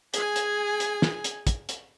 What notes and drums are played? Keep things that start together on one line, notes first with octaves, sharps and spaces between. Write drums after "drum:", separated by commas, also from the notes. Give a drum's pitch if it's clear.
G#4 G#5, drum: hi-hat
drum: hi-hat
drum: hi-hat
drum: snare
drum: hi-hat
drum: kick, hi-hat
drum: hi-hat